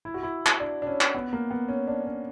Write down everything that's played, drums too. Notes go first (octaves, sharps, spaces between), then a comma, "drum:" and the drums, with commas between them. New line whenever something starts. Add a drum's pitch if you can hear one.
E4
F#4
E4
drum: clap
D4
D4
C#4
drum: clap
B3
A#3
B3
C#4
D4
C#4